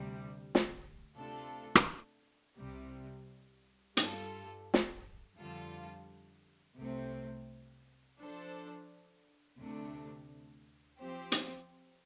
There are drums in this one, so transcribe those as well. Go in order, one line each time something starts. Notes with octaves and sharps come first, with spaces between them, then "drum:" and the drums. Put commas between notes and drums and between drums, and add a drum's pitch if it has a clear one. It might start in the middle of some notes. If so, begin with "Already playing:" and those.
Already playing: D2 C3 G3
drum: snare
C3 A3 D4 F4 A4
drum: rim click
C2 C3 G3
G2 G3 F4 A4, drum: hi-hat
drum: snare
F2 D3 G3 F4 A4
C2 C3 A3 C4
F3 D4 A4 C5
D2 C3 A3 D4
F3 C4 G4 C5
drum: hi-hat